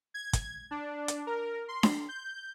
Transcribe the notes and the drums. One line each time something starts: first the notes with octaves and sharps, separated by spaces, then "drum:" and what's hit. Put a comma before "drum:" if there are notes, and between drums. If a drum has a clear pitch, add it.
G#6
drum: kick, hi-hat
D4
drum: hi-hat
A#4
C6
drum: snare D4
G6